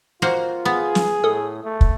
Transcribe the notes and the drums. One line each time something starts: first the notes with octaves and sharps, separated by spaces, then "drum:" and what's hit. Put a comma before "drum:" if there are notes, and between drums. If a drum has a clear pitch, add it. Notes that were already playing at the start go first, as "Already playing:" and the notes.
A#3 F4 F#4 C5
B3 G#4
drum: snare
A2 A4 D#6
A3
drum: kick